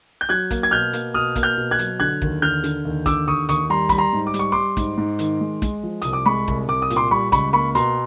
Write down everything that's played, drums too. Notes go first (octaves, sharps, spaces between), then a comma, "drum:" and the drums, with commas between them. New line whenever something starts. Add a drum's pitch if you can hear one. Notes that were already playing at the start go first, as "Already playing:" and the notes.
G6
F#3 F#6 G#6
A#3, drum: kick, hi-hat
G#6
B2 F6 G6
A#3, drum: hi-hat
B2 D#6 F6
A#3, drum: kick, hi-hat
F6 G6
B2
F#6 G#6
F#3, drum: hi-hat
D3 F#6 G#6
D#2, drum: kick
D3 F6 G6
D3, drum: hi-hat
D#2
D3 D6 E6, drum: kick, hi-hat
D#2 C#6 D#6
D#2 C#6 D#6, drum: hi-hat
G3 A#5 C6
G3 B5, drum: kick, hi-hat
A#5 C6
G#2
D6
G3, drum: hi-hat
C#6
G3 C6 D6
G#2, drum: kick, hi-hat
G#2
D#3, drum: hi-hat
G#3
G#3, drum: kick, hi-hat
F3
C2 D#6, drum: hi-hat
D6
G#3 B5 C#6
C2, drum: kick
C2 D6
D#6
A#2, drum: hi-hat
C6 D6
G3 B5 C#6
C#2 B5 C#6, drum: kick, hi-hat
A#3 B5 C#6
B2 A#5 C6, drum: hi-hat